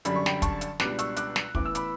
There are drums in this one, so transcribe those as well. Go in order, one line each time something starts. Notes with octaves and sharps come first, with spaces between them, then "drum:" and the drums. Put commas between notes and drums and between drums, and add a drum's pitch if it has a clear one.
F#2 D3 G3 D4 B5, drum: hi-hat
C#6
G5 B5, drum: snare
A5 C#6, drum: kick, hi-hat
drum: hi-hat
C#2 B2 G3 D4 D6 F#6, drum: snare
C#6 E6, drum: hi-hat
D6 F#6, drum: hi-hat
drum: snare
A2 E3 B3 D6, drum: kick
E6
B5 D6, drum: hi-hat